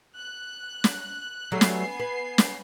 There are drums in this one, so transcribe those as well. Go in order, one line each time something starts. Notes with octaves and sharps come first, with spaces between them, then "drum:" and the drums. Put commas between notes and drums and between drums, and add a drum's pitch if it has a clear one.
F#6
drum: snare
F#3 G3 A3 B3 G#5 C7
drum: snare
B4
drum: snare